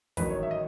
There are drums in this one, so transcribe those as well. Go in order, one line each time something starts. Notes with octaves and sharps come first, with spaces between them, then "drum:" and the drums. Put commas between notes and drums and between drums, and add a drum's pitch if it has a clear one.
A1 G#2 D#3 F#3 B4, drum: kick, open hi-hat
C#5
E5
D#5